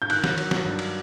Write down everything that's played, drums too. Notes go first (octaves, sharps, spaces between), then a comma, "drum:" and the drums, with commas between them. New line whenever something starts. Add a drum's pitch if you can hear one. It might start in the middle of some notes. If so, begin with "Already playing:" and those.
G6
D#3 F#6, drum: cymbal
drum: snare
F#3, drum: cymbal
drum: snare
G2
drum: cymbal